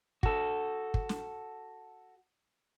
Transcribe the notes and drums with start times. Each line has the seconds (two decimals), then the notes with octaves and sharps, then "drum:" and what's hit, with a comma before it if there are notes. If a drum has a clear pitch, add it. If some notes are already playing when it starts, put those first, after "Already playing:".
0.23 F#4 A4, drum: kick
0.94 drum: kick
1.09 drum: snare